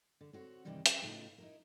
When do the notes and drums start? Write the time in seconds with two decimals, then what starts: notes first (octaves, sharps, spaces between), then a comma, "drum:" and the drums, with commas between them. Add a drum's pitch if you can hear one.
0.21 D3
0.33 C4 F#4 C#5
0.65 G2 C3 D#3 E3 G3 D4
0.86 C#4 G#4 D#5, drum: hi-hat
1.02 A2 C#3 G3 B3 D#4 F4
1.38 D#4 E4 A#4